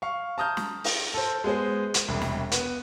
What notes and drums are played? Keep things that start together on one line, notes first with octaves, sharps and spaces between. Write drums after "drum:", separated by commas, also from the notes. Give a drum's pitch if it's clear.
F5 C#6
A5 A#5 D#6 F6 G6
drum: snare
drum: open hi-hat
A4 C5
G#3 B3 G#4 C5
drum: hi-hat
E1 C2
drum: snare
B3, drum: hi-hat